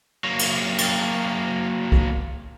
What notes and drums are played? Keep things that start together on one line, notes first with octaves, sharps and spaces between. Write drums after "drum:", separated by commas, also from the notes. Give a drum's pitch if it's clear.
F#3 A#3
drum: cymbal
drum: cymbal
drum: kick C2